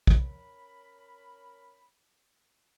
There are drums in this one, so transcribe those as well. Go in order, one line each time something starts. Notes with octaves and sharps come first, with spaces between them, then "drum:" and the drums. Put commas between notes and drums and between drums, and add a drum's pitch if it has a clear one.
C#4 A#4 B5, drum: kick